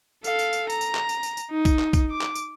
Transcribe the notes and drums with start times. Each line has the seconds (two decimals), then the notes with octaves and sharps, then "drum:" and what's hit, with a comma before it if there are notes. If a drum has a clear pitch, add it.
0.24 A4 F5, drum: tambourine
0.39 drum: tambourine
0.53 drum: tambourine
0.70 A#5, drum: tambourine
0.81 drum: tambourine
0.95 drum: clap
1.09 drum: tambourine
1.23 drum: tambourine
1.37 drum: tambourine
1.51 D#4
1.65 drum: kick, tambourine
1.79 drum: clap
1.93 drum: kick, tambourine
2.10 D6
2.21 drum: clap
2.35 drum: tambourine